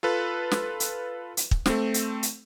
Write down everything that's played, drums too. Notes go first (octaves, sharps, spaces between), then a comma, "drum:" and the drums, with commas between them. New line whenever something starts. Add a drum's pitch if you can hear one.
F4 A4 B4
drum: snare
drum: hi-hat
drum: hi-hat
drum: kick
A3 C4, drum: snare
drum: hi-hat
drum: hi-hat